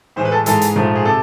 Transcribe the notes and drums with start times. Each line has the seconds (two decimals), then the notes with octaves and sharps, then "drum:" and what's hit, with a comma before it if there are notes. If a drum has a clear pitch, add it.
0.16 A2 E3 G#3 C5
0.25 B4
0.32 A4
0.46 G#2 E3 G#3 A4, drum: hi-hat
0.62 drum: hi-hat
0.76 G#2 F3 A3, drum: tom A#2
0.95 G#4
1.05 C3 A4